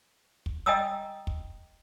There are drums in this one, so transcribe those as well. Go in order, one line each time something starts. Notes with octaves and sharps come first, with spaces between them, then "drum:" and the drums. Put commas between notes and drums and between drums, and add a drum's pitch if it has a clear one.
drum: kick
D#5 G5 G#5 A#5 D#6 E6
drum: kick